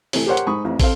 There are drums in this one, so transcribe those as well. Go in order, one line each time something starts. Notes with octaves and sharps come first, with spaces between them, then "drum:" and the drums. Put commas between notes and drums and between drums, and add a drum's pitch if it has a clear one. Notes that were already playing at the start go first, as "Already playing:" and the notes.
C3 E3 A3, drum: open hi-hat
G4 A#4 C5 C#5 F#5
drum: hi-hat
G#2 D#4 B5 C#6 D#6
A1 F2
C4 A4 C5 F5, drum: kick, open hi-hat